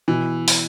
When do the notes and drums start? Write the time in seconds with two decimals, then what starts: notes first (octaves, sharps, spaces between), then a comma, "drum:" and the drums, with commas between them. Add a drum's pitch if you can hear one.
0.08 B2 E3
0.48 drum: open hi-hat